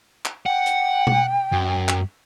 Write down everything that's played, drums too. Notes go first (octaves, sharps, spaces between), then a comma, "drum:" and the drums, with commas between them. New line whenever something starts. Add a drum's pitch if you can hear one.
drum: clap
F#5 G5
drum: hi-hat
drum: tom B2
F#2
drum: clap